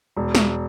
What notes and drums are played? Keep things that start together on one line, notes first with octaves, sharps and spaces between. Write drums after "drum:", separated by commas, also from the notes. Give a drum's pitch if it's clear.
E1
drum: snare